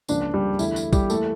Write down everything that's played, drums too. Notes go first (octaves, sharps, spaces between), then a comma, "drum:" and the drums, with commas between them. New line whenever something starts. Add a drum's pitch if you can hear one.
C#2 C#3 F3 A#3 D4 D5, drum: tambourine
G3 G4
E2 D3 A3 E4, drum: tambourine
drum: tambourine
G3 G4, drum: kick B1, tambourine
E3 A3 A#3 A4, drum: tambourine